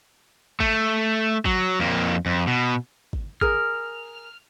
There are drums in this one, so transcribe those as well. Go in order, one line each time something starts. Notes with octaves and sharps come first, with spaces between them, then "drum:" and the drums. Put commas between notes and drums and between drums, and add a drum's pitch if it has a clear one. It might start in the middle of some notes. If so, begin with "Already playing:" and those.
A3, drum: kick
F#3, drum: kick
F2 A#3
F2
B2
drum: kick
G#4 A#4 F6, drum: kick